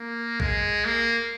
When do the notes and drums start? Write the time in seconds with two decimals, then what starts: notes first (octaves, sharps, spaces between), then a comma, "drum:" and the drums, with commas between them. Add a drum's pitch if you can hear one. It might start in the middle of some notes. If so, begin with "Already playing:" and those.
Already playing: A#3
0.40 G#3, drum: kick A#1
0.85 A#3